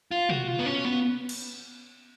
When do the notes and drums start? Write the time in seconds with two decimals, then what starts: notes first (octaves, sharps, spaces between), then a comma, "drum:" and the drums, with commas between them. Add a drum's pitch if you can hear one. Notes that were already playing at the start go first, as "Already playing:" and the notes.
0.11 F4
0.29 F#4, drum: tom B2
0.48 F4
0.59 B3
0.66 C#4
0.85 B3
1.29 drum: cymbal